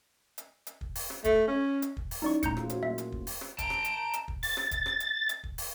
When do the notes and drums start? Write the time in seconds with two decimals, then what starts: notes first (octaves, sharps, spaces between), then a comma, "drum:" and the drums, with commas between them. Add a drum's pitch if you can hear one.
0.38 drum: hi-hat
0.67 drum: hi-hat
0.81 drum: kick
0.95 drum: open hi-hat
1.10 drum: rim click
1.24 A3, drum: kick, hi-hat
1.48 C#4
1.82 drum: hi-hat
1.97 drum: kick
2.11 drum: open hi-hat
2.22 C#4 D#4 E4 D5 C#6
2.43 A#2 A3 A#5 G6 C#7, drum: kick, hi-hat
2.57 F4 G#4, drum: rim click
2.69 F#4 C5 C#5, drum: hi-hat
2.83 F#3 A#3 E5
2.98 drum: hi-hat
3.12 drum: kick
3.27 drum: open hi-hat
3.41 drum: rim click
3.59 A5 A#5 G6 D7, drum: kick, hi-hat
3.70 drum: rim click
3.85 drum: hi-hat
4.13 drum: hi-hat
4.28 drum: kick
4.43 A6, drum: open hi-hat
4.57 drum: rim click
4.71 drum: kick, hi-hat
4.86 drum: rim click
5.00 drum: hi-hat
5.29 drum: hi-hat
5.44 drum: kick
5.58 drum: open hi-hat